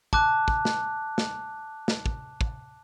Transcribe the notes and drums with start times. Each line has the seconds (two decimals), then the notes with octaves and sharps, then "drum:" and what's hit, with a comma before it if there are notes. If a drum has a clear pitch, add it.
0.13 A5 D6 F#6, drum: kick
0.48 drum: kick
0.65 drum: snare
1.18 drum: snare
1.88 drum: snare
2.06 drum: kick
2.41 drum: kick